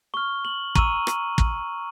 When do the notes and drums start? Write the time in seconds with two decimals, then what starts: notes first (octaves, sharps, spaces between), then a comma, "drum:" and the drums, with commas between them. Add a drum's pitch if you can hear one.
0.14 C#6 F6 G7
0.45 F#7
0.76 A#5 C#6 E6 D#7, drum: kick
1.07 drum: rim click
1.38 drum: kick